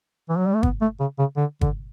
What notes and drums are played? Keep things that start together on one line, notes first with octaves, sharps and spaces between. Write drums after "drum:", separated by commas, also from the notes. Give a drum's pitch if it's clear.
E3
F#3
G3
A3
B3, drum: kick
A3
C#3
C#3
D3
D3, drum: kick